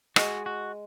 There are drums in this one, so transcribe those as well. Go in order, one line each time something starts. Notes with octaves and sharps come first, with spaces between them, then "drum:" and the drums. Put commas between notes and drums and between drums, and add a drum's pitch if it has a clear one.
G#3 F#4, drum: rim click
F#4